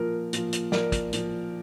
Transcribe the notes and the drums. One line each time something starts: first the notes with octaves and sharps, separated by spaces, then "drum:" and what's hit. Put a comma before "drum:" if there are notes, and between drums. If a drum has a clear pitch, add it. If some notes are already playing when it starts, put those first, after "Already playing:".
Already playing: A#2 F3 A#4
A#2 F3, drum: hi-hat
drum: hi-hat
A#2 F3 A#4 D5, drum: snare
drum: kick, hi-hat
A#2 F3, drum: hi-hat